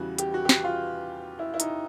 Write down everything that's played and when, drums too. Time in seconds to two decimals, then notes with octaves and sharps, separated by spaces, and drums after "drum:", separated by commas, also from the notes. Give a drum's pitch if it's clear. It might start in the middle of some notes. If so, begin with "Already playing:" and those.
Already playing: E2 C#3 E3 G3 F#4
0.19 G4, drum: hi-hat
0.34 F#4
0.45 G4
0.49 F#4, drum: snare
0.64 F4
1.39 E4
1.54 E4
1.60 D#4, drum: hi-hat